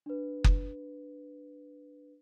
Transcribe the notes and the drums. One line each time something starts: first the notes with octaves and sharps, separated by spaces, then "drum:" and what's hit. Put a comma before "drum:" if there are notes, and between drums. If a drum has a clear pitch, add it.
D4 B4
drum: kick F#1